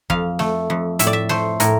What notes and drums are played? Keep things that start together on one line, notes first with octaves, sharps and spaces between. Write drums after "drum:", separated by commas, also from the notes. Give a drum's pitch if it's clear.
F2 F5, drum: kick
A3, drum: snare
F2
A2 E5, drum: hi-hat
D5
E5
A3 C5, drum: snare
A2 A#4, drum: hi-hat